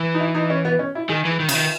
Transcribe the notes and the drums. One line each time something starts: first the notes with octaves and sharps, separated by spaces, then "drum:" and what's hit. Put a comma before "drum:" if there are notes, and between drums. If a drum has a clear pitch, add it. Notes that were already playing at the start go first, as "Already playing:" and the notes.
Already playing: E3
D#4
E4
D#4
C#4
B3
C#4
E4
D#3 G#4
E3
D#3
C#3, drum: cymbal
D#3